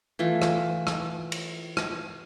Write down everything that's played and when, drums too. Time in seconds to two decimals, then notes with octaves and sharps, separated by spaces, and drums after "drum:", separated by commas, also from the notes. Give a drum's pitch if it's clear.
0.19 E3 A3 F4
0.42 drum: rim click
0.87 drum: rim click
1.32 drum: cymbal
1.77 drum: rim click